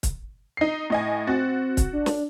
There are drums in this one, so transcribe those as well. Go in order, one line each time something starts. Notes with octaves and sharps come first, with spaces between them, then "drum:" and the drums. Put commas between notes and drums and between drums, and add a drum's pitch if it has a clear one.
drum: kick, hi-hat
D#4 C7
A2 D#5 G#5
C4 F#4 A6
drum: kick, hi-hat
D4
drum: snare